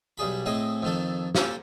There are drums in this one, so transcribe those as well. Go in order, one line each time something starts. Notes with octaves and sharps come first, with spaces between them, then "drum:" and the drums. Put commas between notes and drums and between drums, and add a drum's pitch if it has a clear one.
B1 G3 G#4 B5
A2 C4 G#4 D#5 D#6
F2 D#3 A4
A#3 G4 A4 C5 G#5, drum: snare